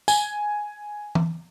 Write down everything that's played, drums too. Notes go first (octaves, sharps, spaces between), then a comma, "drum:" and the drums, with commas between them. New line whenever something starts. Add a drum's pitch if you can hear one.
G#5, drum: tambourine
drum: tom E3